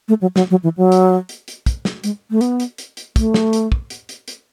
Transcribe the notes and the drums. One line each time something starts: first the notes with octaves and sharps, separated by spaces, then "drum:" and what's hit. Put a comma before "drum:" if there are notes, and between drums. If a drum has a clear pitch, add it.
A3
F#3
F#3, drum: snare
F#3
E3
F#3
drum: hi-hat
drum: hi-hat
drum: hi-hat
drum: kick, hi-hat
drum: snare
G#3, drum: hi-hat
A3
B3, drum: hi-hat
drum: hi-hat
drum: hi-hat
drum: hi-hat
A3, drum: kick, hi-hat
drum: snare
drum: hi-hat
drum: kick
drum: hi-hat
drum: hi-hat
drum: hi-hat